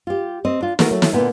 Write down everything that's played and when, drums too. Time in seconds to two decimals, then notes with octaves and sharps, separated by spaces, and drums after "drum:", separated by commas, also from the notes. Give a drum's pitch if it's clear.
0.07 F4 G4
0.45 C4 D#5
0.61 D4 F4
0.79 A3 B3 E4 F#4 A#4, drum: snare
0.91 F#3 A3
1.02 drum: snare
1.13 A#2 D3 A3 B3